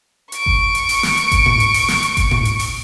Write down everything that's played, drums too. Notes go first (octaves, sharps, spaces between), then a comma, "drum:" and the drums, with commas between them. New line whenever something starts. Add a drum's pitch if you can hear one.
C#6 D7, drum: hi-hat
drum: kick G1
drum: hi-hat
drum: open hi-hat
drum: snare
drum: hi-hat
drum: kick G1, hi-hat
drum: tom G#2
drum: hi-hat
drum: open hi-hat
drum: snare
drum: hi-hat
drum: kick G1, hi-hat
drum: tom G#2
drum: hi-hat
drum: open hi-hat